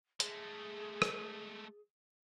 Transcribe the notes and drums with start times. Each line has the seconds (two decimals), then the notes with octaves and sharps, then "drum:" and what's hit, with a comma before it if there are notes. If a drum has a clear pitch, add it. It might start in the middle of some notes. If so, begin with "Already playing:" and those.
0.20 G#3 A3 G#4, drum: hi-hat
1.02 drum: rim click